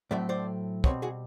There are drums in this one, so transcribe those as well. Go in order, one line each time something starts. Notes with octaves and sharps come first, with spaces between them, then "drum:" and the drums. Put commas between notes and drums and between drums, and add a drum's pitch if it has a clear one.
A2 F#3 A3 C4 D5 E5
C5 D5
B2 G3 C4 B4 C#5, drum: kick
F#4 G#4